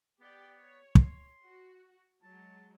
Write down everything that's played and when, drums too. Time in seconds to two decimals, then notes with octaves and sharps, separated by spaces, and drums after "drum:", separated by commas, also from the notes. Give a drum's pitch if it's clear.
0.20 B3 G4 D5 G5
0.59 C#5
0.95 C6, drum: kick
1.42 F#4
2.23 F#3 G#3 A5